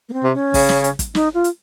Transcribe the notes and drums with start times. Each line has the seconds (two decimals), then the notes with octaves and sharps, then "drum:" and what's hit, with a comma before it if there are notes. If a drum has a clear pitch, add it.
0.09 A#3
0.13 C4
0.24 C3
0.34 C#4
0.54 C#3, drum: kick, open hi-hat
0.69 drum: snare
0.84 drum: hi-hat
0.99 drum: kick, hi-hat
1.15 D#4, drum: snare
1.34 F4
1.44 drum: hi-hat